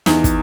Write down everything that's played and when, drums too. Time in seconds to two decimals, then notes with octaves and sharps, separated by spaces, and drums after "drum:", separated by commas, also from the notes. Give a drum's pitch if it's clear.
0.06 E2 D#4, drum: snare
0.24 drum: kick, hi-hat